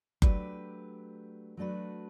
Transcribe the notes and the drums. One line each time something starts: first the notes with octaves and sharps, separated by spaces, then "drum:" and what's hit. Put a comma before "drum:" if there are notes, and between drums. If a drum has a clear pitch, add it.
F#3 A3 D4 G4 B4, drum: kick F#1
F#3 A3 D4 F#4 B4